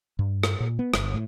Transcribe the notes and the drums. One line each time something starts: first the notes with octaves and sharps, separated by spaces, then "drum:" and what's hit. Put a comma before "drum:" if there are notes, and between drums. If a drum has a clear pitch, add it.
G2
drum: rim click
A#2
B3
G1, drum: rim click
A2